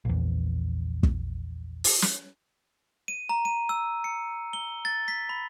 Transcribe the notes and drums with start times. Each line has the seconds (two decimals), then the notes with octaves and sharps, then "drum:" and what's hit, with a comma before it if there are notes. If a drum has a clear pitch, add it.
0.05 A#1 E2
1.03 drum: kick
1.84 drum: open hi-hat
2.02 drum: snare
3.08 D#7
3.29 A#5
3.45 D#7
3.69 E6
4.04 C#7
4.53 G7
4.85 A6
5.08 B6
5.29 B5